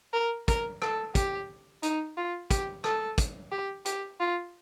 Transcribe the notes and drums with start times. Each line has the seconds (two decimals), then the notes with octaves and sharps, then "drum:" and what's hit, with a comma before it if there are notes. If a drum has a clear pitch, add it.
0.13 A#4
0.48 A#4, drum: kick, hi-hat
0.82 A4, drum: rim click
1.15 G4, drum: kick, hi-hat
1.83 D#4, drum: hi-hat
2.17 F4
2.51 G4, drum: kick, hi-hat
2.84 A4, drum: rim click
3.18 drum: kick, hi-hat
3.52 G4
3.85 G4, drum: hi-hat
4.20 F4